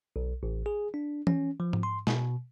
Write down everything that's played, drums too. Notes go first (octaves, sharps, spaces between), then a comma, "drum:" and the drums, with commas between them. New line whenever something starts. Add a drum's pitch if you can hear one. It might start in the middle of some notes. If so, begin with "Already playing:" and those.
B1
A1
G#4
D4
C#4, drum: tom E3
F3
drum: tom G#2
C6
B2, drum: snare